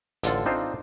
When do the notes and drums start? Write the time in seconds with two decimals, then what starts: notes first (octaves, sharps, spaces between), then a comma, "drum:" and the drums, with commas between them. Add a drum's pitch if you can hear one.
0.23 A1 D3 F4 A4, drum: hi-hat
0.46 C4 D4 D#4 F4 C5